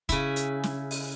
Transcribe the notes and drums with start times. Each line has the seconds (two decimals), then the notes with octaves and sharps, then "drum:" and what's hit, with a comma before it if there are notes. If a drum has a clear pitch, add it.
0.09 C#3 E4, drum: kick, hi-hat
0.36 drum: hi-hat
0.64 drum: snare
0.91 drum: open hi-hat